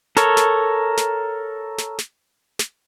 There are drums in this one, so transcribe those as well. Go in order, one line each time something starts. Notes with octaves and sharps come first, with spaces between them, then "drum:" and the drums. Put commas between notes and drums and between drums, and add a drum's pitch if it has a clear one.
A4 A#4 C#5, drum: snare
drum: snare
drum: snare
drum: snare
drum: snare
drum: snare